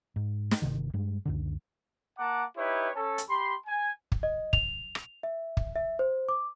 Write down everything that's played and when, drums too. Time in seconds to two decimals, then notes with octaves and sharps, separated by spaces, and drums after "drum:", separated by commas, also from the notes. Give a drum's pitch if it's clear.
0.16 G#2
0.51 drum: snare
0.62 G1 C#2 C3 D#3
0.94 G2 G3 G#3
1.25 C#2 F#2 D3
2.19 A#3 F#5 A5 A#5 D6
2.57 D#4 E4 G4 B4 C#5
2.95 C#4 A4
3.18 drum: hi-hat
3.29 G4 B5 C6
3.67 G#5
4.12 drum: kick
4.23 D#5
4.53 F7, drum: kick
4.95 drum: rim click
5.23 E5
5.57 drum: kick
5.76 E5
5.99 C5
6.29 D6